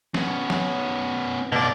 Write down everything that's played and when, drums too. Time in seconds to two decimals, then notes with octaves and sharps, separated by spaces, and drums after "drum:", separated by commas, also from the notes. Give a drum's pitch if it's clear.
0.14 B3 C#4, drum: snare
0.50 drum: snare
1.52 B2 D5